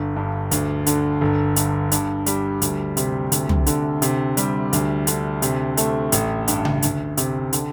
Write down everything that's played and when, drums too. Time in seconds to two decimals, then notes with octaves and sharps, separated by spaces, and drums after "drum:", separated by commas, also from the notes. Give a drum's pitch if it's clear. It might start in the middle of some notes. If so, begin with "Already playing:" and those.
Already playing: G1 G2
0.16 G2
0.51 D2, drum: hi-hat
0.86 D3, drum: hi-hat
1.21 G1
1.56 G2, drum: hi-hat
1.92 G2, drum: hi-hat
2.26 G3, drum: hi-hat
2.62 D2, drum: hi-hat
2.97 C3, drum: hi-hat
3.32 D2, drum: hi-hat
3.49 drum: tom
3.66 D3, drum: hi-hat
4.02 C3, drum: hi-hat
4.37 G3, drum: hi-hat
4.73 D2, drum: hi-hat
5.07 D3, drum: hi-hat
5.42 C3, drum: hi-hat
5.77 A3, drum: hi-hat
6.12 A1, drum: hi-hat
6.48 G2, drum: hi-hat
6.65 drum: tom C#3
6.82 D2, drum: hi-hat
7.17 C3, drum: hi-hat
7.53 D3, drum: hi-hat